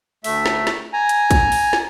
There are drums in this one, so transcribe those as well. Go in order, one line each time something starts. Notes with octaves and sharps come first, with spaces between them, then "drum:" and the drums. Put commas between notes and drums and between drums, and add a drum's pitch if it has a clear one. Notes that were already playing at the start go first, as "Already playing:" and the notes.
D2 A3 E5, drum: open hi-hat
drum: snare
drum: snare
G#5 A#5
drum: hi-hat
drum: kick, hi-hat
drum: open hi-hat
drum: snare